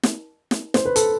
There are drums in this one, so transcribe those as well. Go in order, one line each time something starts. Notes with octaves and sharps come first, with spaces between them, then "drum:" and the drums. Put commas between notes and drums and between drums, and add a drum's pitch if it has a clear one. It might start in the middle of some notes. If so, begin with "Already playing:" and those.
drum: snare
drum: snare
C5, drum: snare
B4
A4, drum: hi-hat